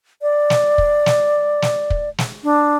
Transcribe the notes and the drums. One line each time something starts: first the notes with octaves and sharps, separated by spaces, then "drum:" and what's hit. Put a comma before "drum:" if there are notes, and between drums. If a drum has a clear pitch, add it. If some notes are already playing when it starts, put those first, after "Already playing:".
D5
drum: snare
drum: kick
drum: snare
drum: snare
drum: kick
drum: snare
D4